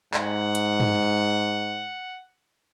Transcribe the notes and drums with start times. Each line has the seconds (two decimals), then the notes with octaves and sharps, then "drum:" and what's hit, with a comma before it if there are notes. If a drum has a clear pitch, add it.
0.14 G#2 F#5, drum: clap
0.55 drum: hi-hat
0.80 drum: tom